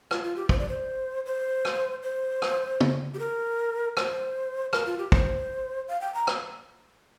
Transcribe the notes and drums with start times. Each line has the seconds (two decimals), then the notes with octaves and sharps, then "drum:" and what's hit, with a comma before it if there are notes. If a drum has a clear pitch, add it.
0.11 F4, drum: rim click
0.24 F4
0.36 G4
0.49 C5, drum: kick
0.59 D5
0.69 C5
1.26 C5
1.65 drum: rim click
2.03 C5
2.42 drum: rim click
2.80 drum: tom
3.14 G4
3.19 A#4
3.97 C5, drum: rim click
4.73 A#4, drum: rim click
4.86 F4
4.98 G4
5.12 C5, drum: kick
5.88 F5
6.01 G5
6.14 A#5
6.27 drum: rim click